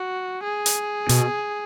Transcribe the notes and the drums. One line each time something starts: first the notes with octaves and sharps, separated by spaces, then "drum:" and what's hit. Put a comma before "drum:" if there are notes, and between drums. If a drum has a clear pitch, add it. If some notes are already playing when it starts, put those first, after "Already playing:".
Already playing: F#4
G#4
drum: hi-hat
B2, drum: hi-hat